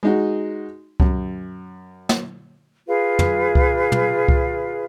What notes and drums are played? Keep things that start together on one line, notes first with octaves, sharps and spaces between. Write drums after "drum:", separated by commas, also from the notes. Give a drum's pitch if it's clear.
G#3 D#4 F#4
F#2, drum: kick C2
drum: snare
F4 G#4 B4 F5
drum: tom
drum: kick C2
drum: tom
drum: kick C2